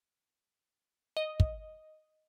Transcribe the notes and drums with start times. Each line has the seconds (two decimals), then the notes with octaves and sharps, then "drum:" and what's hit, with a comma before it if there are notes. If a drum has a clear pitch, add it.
1.17 D#5
1.40 drum: kick